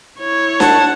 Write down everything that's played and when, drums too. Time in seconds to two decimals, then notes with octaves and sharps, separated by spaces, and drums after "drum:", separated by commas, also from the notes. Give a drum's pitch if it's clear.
0.20 E4 C#5
0.60 F#5 A5, drum: snare D4